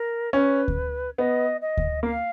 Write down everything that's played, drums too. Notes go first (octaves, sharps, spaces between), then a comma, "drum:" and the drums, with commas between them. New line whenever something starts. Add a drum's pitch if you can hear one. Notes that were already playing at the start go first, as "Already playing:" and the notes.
Already playing: A#4
C#4 B4
drum: kick D2
B3 D#5
D#5
drum: kick D2
A#3 F5